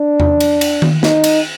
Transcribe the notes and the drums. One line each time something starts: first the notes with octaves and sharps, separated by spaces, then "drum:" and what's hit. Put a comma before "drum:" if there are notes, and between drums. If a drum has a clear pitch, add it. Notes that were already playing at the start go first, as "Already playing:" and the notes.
Already playing: D4
drum: tom E2
drum: cymbal
drum: cymbal
drum: tom D#3
D#4, drum: snare
drum: cymbal